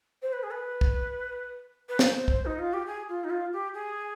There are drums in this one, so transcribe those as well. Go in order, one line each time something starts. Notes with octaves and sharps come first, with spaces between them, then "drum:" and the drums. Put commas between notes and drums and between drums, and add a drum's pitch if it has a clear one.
C5
B4
G#4
B4
drum: kick
B4
C5, drum: snare
drum: kick
D#4
F4
G4
G#4
F4
D#4
F4
G4
G#4